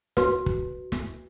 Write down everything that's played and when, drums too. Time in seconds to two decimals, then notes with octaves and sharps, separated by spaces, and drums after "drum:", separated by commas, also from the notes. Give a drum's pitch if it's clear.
0.17 F#4 B4, drum: snare
0.46 drum: kick
0.92 drum: snare